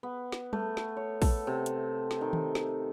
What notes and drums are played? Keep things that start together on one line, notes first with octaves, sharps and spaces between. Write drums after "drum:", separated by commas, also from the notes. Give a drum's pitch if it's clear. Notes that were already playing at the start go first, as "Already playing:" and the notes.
B3
drum: snare
A3, drum: tom G3
drum: snare
C#5
A4, drum: kick, open hi-hat
C3
drum: hi-hat
drum: snare
D#3
drum: tom D#3
drum: snare